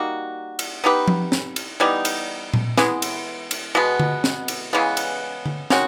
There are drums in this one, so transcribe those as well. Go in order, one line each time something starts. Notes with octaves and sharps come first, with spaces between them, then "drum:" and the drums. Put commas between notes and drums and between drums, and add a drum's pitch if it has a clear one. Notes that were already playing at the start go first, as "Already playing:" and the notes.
Already playing: G3 A#3 D#4 F#4
drum: cymbal
B3 D#4 G4 B4
drum: tom F3
drum: snare
drum: cymbal
E3 G3 B3 D#4
drum: cymbal
drum: tom A#2
E3 G#3 B3, drum: snare
drum: cymbal
drum: cymbal
B2 G#3 B3
drum: tom D3
drum: snare
drum: cymbal
C#3 E3 G#3 B3
drum: cymbal
drum: tom D3
D#3 G#3 C#4 F#4, drum: snare